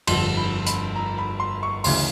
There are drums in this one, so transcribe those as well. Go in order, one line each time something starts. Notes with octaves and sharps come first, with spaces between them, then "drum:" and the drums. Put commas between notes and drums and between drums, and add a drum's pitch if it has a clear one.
G1 F2 D3 F3 C6, drum: cymbal
B5
B5, drum: hi-hat
A#5
B5
C6
C#6
D2 C#3 E3 C6, drum: open hi-hat